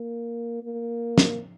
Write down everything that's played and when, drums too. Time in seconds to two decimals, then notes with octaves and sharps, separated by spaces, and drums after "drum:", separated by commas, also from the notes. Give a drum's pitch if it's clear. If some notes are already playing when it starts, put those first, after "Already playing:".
Already playing: A#3
0.63 A#3
1.18 drum: snare